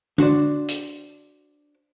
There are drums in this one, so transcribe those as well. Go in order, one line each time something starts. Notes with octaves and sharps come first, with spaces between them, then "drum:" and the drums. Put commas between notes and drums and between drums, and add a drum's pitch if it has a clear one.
D4 F#4 C5 D5, drum: tom
drum: hi-hat